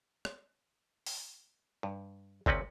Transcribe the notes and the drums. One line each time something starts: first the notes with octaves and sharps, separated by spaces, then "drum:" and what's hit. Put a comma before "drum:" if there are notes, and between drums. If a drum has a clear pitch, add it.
drum: rim click
drum: open hi-hat
G2
D2 C3 C4 C#4 B4, drum: kick G1